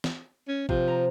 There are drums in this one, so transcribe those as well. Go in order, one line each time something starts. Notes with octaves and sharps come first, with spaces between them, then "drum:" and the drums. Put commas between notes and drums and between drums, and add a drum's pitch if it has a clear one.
drum: snare
C#4
C3 F3, drum: kick
A#5